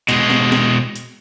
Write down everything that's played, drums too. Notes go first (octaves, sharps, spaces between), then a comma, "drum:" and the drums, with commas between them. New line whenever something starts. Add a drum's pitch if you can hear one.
B2 G#3, drum: hi-hat
drum: snare
drum: snare
drum: hi-hat